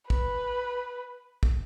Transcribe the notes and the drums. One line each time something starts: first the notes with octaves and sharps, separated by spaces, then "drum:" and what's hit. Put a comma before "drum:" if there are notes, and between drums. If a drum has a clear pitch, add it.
B4, drum: kick
drum: kick